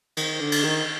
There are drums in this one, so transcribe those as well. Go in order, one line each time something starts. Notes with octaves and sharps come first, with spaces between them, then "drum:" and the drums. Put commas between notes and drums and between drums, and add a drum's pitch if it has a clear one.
D#3, drum: cymbal
D3
drum: cymbal
D#3